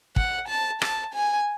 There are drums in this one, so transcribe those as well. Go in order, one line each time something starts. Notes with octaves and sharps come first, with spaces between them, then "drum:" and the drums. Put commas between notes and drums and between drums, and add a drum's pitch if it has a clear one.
F#5, drum: kick
A5
A5, drum: rim click
G#5